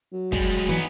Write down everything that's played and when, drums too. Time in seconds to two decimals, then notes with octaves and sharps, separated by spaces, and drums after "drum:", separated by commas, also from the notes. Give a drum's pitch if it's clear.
0.13 F#3
0.32 G3 G#3, drum: kick
0.69 E3 B3 D#4